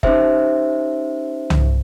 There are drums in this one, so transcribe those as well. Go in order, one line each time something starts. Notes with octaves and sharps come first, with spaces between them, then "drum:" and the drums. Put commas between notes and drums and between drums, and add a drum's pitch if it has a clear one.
C#4 D#4 G4 C5 E5, drum: kick F#1
drum: tom C2